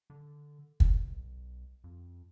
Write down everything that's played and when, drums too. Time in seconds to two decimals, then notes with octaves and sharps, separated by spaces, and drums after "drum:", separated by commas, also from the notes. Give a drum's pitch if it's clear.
0.10 D3
0.80 B1, drum: kick
1.84 F2